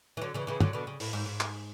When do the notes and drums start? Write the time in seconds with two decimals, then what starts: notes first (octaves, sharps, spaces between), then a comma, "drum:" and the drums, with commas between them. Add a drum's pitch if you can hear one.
0.17 E3
0.21 D3 F#3
0.34 C#3 E3
0.47 C#3 E3
0.60 D3 F#3, drum: tom
0.73 B2 D3
0.87 C#3
1.00 A2, drum: open hi-hat
1.13 G#2
1.26 G#2
1.40 drum: clap